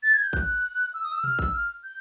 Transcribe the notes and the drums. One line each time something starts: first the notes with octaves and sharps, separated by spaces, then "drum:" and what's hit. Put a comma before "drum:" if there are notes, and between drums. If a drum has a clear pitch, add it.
A6
G#6
G6
F#6, drum: kick
E6
D#6
E6
F6, drum: tom B2
E6, drum: kick
F6
G6